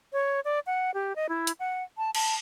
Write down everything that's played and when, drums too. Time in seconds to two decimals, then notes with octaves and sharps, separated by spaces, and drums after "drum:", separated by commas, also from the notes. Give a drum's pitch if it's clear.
0.13 C#5
0.45 D5
0.67 F#5
0.94 G4
1.16 D#5
1.29 E4
1.47 drum: hi-hat
1.60 F#5
1.98 A5
2.15 A5, drum: cymbal